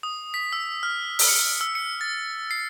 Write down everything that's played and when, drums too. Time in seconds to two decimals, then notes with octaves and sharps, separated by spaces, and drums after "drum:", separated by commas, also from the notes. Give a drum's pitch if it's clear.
0.03 D#6
0.34 B6
0.53 E6
0.83 F6
1.19 drum: open hi-hat
1.28 C#7
1.61 E6
1.75 C#7
2.01 A6
2.51 C7